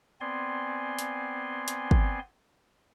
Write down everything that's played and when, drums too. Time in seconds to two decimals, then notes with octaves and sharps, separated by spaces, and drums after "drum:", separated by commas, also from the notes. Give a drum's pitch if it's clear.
0.21 B3 C4 D5 G#5 C6
0.99 drum: hi-hat
1.68 drum: hi-hat
1.91 drum: kick